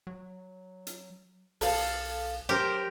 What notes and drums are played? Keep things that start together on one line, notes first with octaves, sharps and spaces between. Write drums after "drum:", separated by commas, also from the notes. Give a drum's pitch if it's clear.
F#3
drum: hi-hat
B1 A4 F5, drum: open hi-hat
F#3 G4 A#4 C5